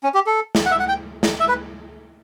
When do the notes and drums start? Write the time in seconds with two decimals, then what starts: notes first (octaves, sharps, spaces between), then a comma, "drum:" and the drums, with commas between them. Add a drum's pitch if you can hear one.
0.03 C#4
0.14 G4
0.26 A4
0.55 drum: snare
0.66 F#5
0.71 E5
0.80 F#5
0.89 G5
1.23 drum: snare
1.40 E5
1.49 B4